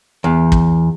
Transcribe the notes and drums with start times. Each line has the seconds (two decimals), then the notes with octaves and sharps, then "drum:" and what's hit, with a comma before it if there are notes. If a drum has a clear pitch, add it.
0.24 E2
0.52 drum: kick